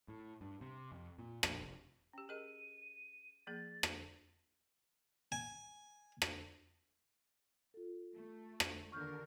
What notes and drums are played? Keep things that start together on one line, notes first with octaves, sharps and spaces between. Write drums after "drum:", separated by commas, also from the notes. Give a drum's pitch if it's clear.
A2
G2
C3
F2
A#2
A#1, drum: rim click
F1
C#4 G4 G5
G#4 A#4 D#5 D#7
F3 A#3 G#4 A6
drum: rim click
G#5
drum: rim click
F4 A4
A3
drum: rim click
D#2 D3 A#4 C#6 F6 G6